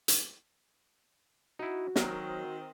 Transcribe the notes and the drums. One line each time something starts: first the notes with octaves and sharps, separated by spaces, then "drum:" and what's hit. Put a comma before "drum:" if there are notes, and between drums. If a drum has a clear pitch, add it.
drum: hi-hat
D#4 E4 F#4
D#3 F#3 C4 A#4, drum: snare